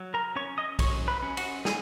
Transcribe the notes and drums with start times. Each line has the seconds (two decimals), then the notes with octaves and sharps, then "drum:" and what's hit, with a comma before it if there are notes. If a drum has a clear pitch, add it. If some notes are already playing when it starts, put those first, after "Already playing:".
Already playing: F#3
0.14 A#4 A#5
0.36 C#4 C#5 C#6
0.58 D#5 D#6
0.79 F#3 C#5 C#6, drum: kick, cymbal
1.08 B4 B5
1.22 C#4
1.37 F#4 F#5, drum: cymbal
1.65 F#3 G#4 G#5, drum: snare